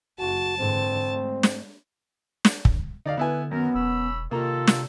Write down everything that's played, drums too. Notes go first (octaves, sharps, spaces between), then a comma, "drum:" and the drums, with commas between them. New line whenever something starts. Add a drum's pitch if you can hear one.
F#1 F#4 A5
G#2 D3 E3 C4
G#3 A3
drum: snare
drum: snare
drum: kick
D3 D#4 D5 F5
D3 B3 E4 B4 G#5
F#2 D#3 B3 A#4
E1 C#4 B5 E6
C3 D#3 A#3 F4 A4 A#5
drum: snare